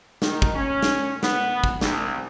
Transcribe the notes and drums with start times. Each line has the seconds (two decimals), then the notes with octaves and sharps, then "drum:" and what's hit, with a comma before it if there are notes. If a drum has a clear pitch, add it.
0.22 D#3, drum: snare
0.42 drum: kick
0.55 C#4
0.83 drum: snare
1.23 B3, drum: snare
1.64 drum: kick
1.81 C2, drum: snare